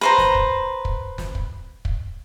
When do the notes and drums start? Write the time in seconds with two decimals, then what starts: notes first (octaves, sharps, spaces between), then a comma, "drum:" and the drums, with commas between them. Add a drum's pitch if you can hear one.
0.01 B4 C5 A#5
0.18 drum: snare
0.35 drum: kick
0.85 drum: kick
1.18 drum: snare
1.35 drum: kick
1.85 drum: kick